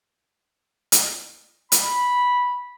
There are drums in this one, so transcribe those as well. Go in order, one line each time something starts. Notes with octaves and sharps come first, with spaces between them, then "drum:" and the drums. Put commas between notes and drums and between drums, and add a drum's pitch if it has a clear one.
drum: hi-hat
B5, drum: hi-hat